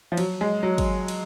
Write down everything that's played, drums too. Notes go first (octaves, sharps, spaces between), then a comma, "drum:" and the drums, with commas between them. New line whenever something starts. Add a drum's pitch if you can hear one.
F3
F#3, drum: cymbal
G#3
F#3
drum: kick, cymbal
drum: cymbal